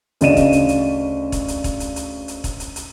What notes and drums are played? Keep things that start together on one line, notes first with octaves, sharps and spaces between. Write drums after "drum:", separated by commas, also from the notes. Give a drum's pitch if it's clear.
D2 C#3 D5 D#5 D#7 E7, drum: hi-hat
drum: kick E1, hi-hat
drum: hi-hat
drum: hi-hat
drum: kick E1, hi-hat
drum: hi-hat
drum: kick E1, hi-hat
drum: hi-hat
drum: hi-hat
drum: hi-hat
drum: kick E1, hi-hat
drum: hi-hat
drum: hi-hat